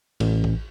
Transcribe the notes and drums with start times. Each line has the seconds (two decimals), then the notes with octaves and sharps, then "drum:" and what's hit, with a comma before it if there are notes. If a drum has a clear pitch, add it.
0.20 A1, drum: cymbal
0.44 drum: kick